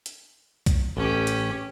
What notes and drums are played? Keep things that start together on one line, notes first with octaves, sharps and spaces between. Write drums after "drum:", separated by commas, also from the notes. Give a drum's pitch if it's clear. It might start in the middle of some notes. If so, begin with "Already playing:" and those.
drum: hi-hat
drum: kick B1, hi-hat
A1 C#4 G4
drum: hi-hat